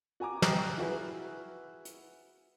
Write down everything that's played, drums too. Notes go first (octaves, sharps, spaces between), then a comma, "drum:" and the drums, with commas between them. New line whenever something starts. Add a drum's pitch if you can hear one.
F#4 G#5 A#5 D6
G5 A#5 D6 D#6 F6 F#6, drum: snare
E4 F#4 G#4 B4
drum: hi-hat